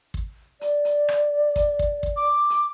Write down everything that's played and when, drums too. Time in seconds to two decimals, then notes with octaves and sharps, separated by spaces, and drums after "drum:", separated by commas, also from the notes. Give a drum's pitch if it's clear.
0.14 drum: kick
0.61 D5, drum: hi-hat
0.85 drum: hi-hat
1.08 drum: rim click
1.56 drum: kick, hi-hat
1.79 drum: kick
2.03 drum: kick
2.16 D6
2.50 drum: hi-hat